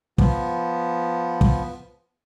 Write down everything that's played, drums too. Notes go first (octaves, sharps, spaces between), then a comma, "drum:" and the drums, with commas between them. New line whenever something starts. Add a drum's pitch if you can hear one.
F3 B3, drum: kick
drum: kick